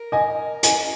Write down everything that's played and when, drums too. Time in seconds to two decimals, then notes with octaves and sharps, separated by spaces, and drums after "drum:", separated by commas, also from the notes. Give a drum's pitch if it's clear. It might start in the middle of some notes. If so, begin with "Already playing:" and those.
Already playing: A#4
0.12 D#5 G#5
0.63 D#5 G#5, drum: hi-hat